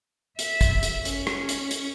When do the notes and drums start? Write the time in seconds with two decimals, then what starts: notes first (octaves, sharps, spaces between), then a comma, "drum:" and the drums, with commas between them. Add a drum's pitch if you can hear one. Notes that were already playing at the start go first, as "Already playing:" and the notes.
0.39 E5, drum: hi-hat
0.61 drum: kick, hi-hat
0.83 drum: hi-hat
1.05 C#4, drum: hi-hat
1.27 drum: rim click
1.49 drum: hi-hat
1.71 drum: hi-hat